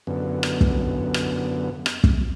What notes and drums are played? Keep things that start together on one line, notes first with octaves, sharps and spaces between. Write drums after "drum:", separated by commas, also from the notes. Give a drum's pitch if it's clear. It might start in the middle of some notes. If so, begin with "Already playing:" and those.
F#2 D3 B3
drum: rim click
drum: kick
drum: rim click
drum: rim click
drum: kick